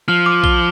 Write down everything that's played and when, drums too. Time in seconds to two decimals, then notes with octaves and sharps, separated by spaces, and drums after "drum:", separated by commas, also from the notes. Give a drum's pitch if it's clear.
0.08 F3 F6
0.26 D6
0.44 G7, drum: kick A#1